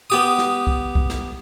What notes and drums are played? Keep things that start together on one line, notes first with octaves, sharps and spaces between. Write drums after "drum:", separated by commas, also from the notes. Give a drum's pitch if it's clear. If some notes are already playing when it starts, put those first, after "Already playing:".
B3 G4 D#6
drum: snare
drum: kick C2
drum: kick C2
drum: snare